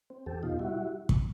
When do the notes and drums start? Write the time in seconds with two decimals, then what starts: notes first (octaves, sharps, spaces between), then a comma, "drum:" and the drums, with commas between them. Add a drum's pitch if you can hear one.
0.10 C4
0.26 E2 G4 A4
0.43 B2 D#4 F4
0.59 G3 E4 F#4
1.09 drum: kick